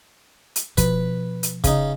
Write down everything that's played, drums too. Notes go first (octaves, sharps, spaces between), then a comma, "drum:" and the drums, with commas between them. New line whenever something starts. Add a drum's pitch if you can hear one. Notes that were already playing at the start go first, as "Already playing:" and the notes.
drum: hi-hat
B2 F3 B4, drum: kick, hi-hat
drum: hi-hat
C#3 D#4, drum: kick, hi-hat